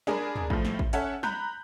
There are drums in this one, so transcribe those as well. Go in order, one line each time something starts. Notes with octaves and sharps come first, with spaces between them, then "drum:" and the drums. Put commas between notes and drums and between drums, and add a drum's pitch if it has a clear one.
D4 G#4 A#4 D5 G#5 B5, drum: snare
drum: tom
A2 F3, drum: kick
drum: snare
drum: kick
C#4 A4 C#5 E5 F#5 A5, drum: hi-hat
A#5 B5 F#6 G6, drum: snare